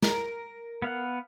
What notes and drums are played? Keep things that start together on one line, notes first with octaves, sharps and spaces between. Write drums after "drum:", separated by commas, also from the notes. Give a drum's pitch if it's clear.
A#4, drum: snare
B3 F5 F#5